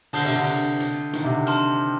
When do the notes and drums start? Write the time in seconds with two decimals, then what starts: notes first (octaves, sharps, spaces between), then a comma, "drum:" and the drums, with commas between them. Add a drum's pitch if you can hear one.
0.13 D3 A5 D#6 G6 C7 G7, drum: open hi-hat
0.25 C3
0.35 D3
0.47 drum: hi-hat
0.80 drum: hi-hat
1.13 D#3, drum: hi-hat
1.24 C3
1.31 D3
1.47 A5 C6 F6, drum: hi-hat